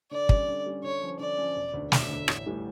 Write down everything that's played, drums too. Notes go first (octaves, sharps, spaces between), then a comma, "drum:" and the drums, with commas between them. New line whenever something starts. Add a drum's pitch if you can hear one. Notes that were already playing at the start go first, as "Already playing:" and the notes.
D3 D5
G3 C#4, drum: kick
D3
G3 C#4
D3 C#5
F3 C#4
D3 D5
F3 C#4
E1
D2 D3
E1 E5, drum: snare
D2 D3
A1, drum: rim click
A2 E3 G3